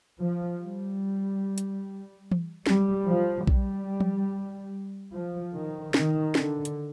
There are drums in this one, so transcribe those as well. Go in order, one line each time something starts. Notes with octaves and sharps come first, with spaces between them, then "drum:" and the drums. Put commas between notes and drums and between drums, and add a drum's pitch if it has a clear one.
F3
G3
drum: hi-hat
drum: tom E3
G3, drum: snare
F3
G3, drum: kick A#1
drum: tom F3
F3
D#3
D#3, drum: snare
D3, drum: snare
drum: hi-hat